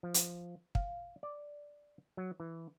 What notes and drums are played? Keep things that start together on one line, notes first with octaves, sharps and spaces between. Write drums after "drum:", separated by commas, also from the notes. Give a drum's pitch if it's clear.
F3
drum: hi-hat
F5, drum: kick
D5
F#3
E3